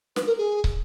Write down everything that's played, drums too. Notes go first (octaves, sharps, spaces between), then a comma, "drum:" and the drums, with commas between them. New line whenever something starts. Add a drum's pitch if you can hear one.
B4, drum: snare
A#4
G#4
drum: kick